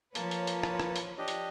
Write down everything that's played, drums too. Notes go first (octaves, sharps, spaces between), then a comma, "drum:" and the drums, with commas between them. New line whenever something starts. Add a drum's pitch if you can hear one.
F3 A#3 B4 C#5 A5, drum: hi-hat
drum: hi-hat
drum: hi-hat
drum: rim click
drum: rim click
drum: hi-hat
D4 G4 D#5
drum: hi-hat